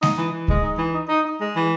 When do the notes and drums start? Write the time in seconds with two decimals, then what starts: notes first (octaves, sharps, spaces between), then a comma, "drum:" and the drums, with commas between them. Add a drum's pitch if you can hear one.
0.03 D#4, drum: snare G#3
0.17 E3
0.33 E3
0.48 G#3, drum: kick C#2
0.63 D#4
0.78 E3
0.94 D#4
1.09 D#4
1.24 D#4
1.39 G#3
1.55 E3